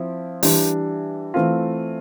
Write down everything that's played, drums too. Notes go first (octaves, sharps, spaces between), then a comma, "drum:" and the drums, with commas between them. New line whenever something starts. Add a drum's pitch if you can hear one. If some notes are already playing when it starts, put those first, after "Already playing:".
Already playing: F3 C4 E4
E3 G3 D4, drum: open hi-hat
E3 A3 C4 F4